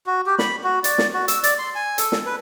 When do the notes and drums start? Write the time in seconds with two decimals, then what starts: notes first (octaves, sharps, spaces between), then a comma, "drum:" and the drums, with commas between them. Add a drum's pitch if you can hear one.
0.06 F#4
0.26 G4
0.39 B5, drum: snare
0.64 F#4
0.84 D5, drum: hi-hat
0.98 drum: snare
1.14 F#4
1.28 E6, drum: hi-hat
1.44 D5, drum: hi-hat
1.59 C6
1.75 G#5
1.98 A4, drum: hi-hat
2.12 drum: snare
2.26 B4